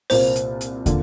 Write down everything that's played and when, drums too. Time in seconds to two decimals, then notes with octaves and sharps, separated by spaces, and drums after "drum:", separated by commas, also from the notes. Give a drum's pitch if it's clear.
0.10 C2 A#2 A#3 F4 C5, drum: open hi-hat
0.36 drum: hi-hat
0.61 drum: hi-hat
0.86 D3 A#3 F4, drum: kick, hi-hat